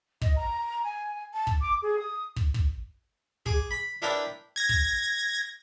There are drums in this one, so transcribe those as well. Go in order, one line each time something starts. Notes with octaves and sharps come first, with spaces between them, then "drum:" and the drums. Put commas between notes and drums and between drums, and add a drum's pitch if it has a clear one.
D#5, drum: kick
A#5
G#5
A5
drum: kick
D6
G#4
D#6
drum: kick
drum: kick
G#4 D6, drum: kick
B5
D4 E4 A#4 B4 D5 G5
G#6 A#6
drum: kick